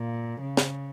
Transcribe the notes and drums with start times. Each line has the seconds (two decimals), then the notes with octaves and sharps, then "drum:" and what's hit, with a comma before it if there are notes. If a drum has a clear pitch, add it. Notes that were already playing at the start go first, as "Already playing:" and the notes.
Already playing: A#2
0.41 C#3
0.57 drum: snare